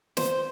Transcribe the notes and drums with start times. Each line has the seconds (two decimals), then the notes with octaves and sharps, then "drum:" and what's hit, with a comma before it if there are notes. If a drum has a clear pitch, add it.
0.17 C5, drum: snare